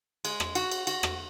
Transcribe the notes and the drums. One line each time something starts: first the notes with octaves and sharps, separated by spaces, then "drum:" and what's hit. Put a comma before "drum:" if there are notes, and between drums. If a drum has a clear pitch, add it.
G#3, drum: cymbal
drum: rim click
F#4, drum: cymbal
drum: cymbal
F#4, drum: cymbal
drum: rim click